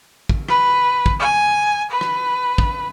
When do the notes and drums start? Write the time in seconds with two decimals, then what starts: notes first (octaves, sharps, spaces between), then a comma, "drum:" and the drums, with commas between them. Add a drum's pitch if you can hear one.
0.29 drum: kick
0.49 B4, drum: rim click
1.06 drum: kick
1.20 G#5
1.91 B4
2.01 drum: rim click
2.58 drum: kick